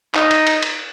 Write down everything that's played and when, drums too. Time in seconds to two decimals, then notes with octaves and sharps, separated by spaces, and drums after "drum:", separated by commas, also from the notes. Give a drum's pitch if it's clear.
0.15 D#4, drum: clap
0.31 drum: cymbal
0.47 drum: cymbal
0.63 drum: cymbal